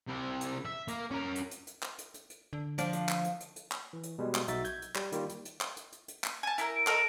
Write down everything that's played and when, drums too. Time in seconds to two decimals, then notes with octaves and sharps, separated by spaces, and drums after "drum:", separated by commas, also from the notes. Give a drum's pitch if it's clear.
0.08 C3 E4
0.41 drum: hi-hat
0.65 E5
0.88 A#3, drum: hi-hat
1.11 C#4 A#4
1.35 drum: hi-hat
1.51 drum: hi-hat
1.67 drum: hi-hat
1.83 drum: clap
1.98 drum: hi-hat
2.14 drum: hi-hat
2.30 drum: hi-hat
2.53 D3
2.78 F3 D4, drum: hi-hat
2.93 drum: hi-hat
3.09 drum: clap
3.24 drum: hi-hat
3.40 drum: hi-hat
3.56 drum: hi-hat
3.72 drum: clap
3.93 E3
4.03 drum: hi-hat
4.18 B2 G3 G#3
4.35 drum: clap
4.48 B1 D#4 F#4 E5 A6, drum: hi-hat
4.65 G6 G#6, drum: hi-hat
4.82 drum: hi-hat
4.95 G3, drum: clap
5.12 D#3 G3 A#3 F4, drum: hi-hat
5.29 drum: hi-hat
5.45 drum: hi-hat
5.61 drum: clap
5.77 drum: hi-hat
5.92 drum: hi-hat
6.08 drum: hi-hat
6.24 drum: clap
6.43 G#5 A5
6.58 E4 G4 A#4, drum: hi-hat
6.75 D7
6.87 A4 A#4 D#5, drum: clap